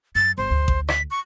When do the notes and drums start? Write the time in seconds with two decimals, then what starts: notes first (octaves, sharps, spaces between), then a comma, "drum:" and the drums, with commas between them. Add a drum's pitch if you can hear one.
0.15 F#2 A6
0.38 G1 C5
0.51 D2
0.68 drum: kick A1
0.88 B6, drum: rim click
1.11 C#6